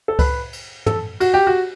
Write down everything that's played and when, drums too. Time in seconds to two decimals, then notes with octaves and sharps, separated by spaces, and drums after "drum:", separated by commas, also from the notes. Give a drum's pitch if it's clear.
0.08 A4
0.19 B4, drum: kick C#2, cymbal
0.53 drum: cymbal
0.86 A4, drum: tom
1.20 F#4, drum: cymbal
1.34 G4
1.47 F#4